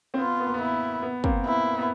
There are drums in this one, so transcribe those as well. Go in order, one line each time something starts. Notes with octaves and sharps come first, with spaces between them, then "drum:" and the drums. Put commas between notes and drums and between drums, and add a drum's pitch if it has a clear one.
C4
B3 F4
B3
A#3
B3
E4
B3
A#3 C4, drum: kick
B3 E4
B3